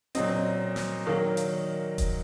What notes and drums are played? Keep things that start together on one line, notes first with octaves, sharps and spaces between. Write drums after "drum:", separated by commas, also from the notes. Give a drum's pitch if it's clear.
A#2 F#3 C4 D#5, drum: hi-hat
drum: snare
D#3 F#3 A#3 F5
drum: hi-hat
drum: kick D#1, hi-hat